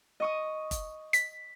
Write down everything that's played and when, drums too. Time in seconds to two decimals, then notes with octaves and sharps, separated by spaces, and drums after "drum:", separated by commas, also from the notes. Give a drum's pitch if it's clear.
0.20 D#5 C#6 D#6
0.71 drum: kick, hi-hat
1.13 B6, drum: hi-hat